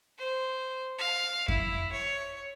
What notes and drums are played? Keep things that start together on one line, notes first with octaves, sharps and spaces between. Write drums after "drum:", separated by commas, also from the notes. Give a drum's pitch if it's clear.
C5
F5
E4, drum: kick F2
C#5